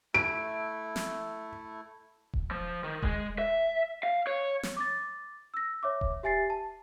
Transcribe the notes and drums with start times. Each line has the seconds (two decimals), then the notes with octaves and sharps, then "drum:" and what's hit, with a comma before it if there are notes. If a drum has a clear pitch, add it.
0.14 A3 E4 D7
0.96 drum: snare
2.34 drum: kick D#1
2.51 F3
2.84 D#3
3.02 G#3, drum: kick D#1
3.39 E5
4.03 F5
4.27 C#5
4.63 drum: snare
4.77 D6 A6
5.54 E6 A#6
5.83 C#5 E5 D6
6.01 drum: kick D#1
6.23 G4 E5 G#5 A6 C7
6.50 A5